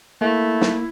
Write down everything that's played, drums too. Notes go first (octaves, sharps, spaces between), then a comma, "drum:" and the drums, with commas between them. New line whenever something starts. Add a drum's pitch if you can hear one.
A3 A#3 E4
drum: snare